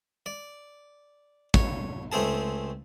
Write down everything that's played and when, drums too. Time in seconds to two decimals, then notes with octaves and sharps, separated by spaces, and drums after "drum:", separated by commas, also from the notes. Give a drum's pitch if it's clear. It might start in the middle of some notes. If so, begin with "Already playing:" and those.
0.26 D5
1.54 C#5, drum: kick
2.12 C#2 A3 C4 G#4 A5